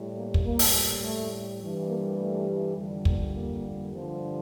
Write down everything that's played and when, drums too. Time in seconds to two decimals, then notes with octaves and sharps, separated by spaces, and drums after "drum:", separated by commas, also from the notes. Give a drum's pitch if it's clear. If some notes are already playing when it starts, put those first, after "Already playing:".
Already playing: A2 G3
0.15 A#3
0.34 drum: kick
0.44 A2 G3 A#3
0.59 drum: open hi-hat
1.02 A3
1.60 G2 E3 G3
1.89 A#3
2.18 A3
2.76 F2 D3 G3
3.05 A#3, drum: kick
3.34 A#3
3.93 G2 D3 F3